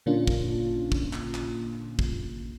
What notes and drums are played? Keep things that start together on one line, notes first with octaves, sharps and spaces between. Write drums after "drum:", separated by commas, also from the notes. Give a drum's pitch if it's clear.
A#2 D3 A#3 C#4 D4 F4
drum: kick
drum: kick
drum: clap
drum: clap
drum: kick